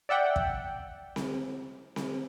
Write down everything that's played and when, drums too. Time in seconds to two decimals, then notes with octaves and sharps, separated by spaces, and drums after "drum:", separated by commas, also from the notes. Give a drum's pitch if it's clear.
0.09 D5 E5 F#5 G5
0.36 drum: kick
1.16 drum: snare C4
1.96 drum: snare C4